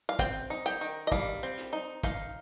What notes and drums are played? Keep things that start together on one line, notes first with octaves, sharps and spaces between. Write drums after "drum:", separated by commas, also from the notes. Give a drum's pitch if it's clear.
F5
C4 G5, drum: kick, hi-hat
D#4
G5, drum: hi-hat
D#3
D#5
G3 F5, drum: kick
C4
drum: hi-hat
D#4
D#4 F5, drum: kick, hi-hat